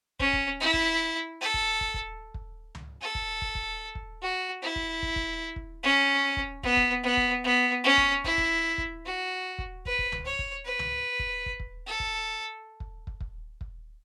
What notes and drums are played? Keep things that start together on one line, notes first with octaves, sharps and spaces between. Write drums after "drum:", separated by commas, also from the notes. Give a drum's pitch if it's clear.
C#4, drum: kick
drum: kick
E4
drum: kick
A4
drum: kick
drum: kick
drum: kick
drum: kick
drum: tom C#2
A4
drum: kick
drum: kick
drum: kick
drum: kick
F#4
E4
drum: kick
drum: kick
drum: kick
drum: kick
C#4
drum: kick
B3, drum: kick
drum: kick
B3
drum: kick
B3
C#4
drum: kick
E4, drum: kick
drum: kick
drum: kick
F#4
drum: kick
B4, drum: kick
drum: kick
drum: tom C#2
C#5
drum: kick
B4
drum: tom C#2
drum: kick
drum: kick
drum: kick
A4
drum: kick
drum: kick
drum: kick
drum: kick
drum: kick